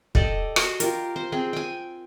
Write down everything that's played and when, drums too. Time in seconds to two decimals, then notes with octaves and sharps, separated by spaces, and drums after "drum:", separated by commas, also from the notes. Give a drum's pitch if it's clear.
0.15 G4 A4 D5 D#5, drum: kick
0.56 F#4 G#5 C6, drum: rim click
0.80 F4 G4 A#4, drum: hi-hat
1.16 C5
1.32 C4 G#4 G5
1.53 G5 G#5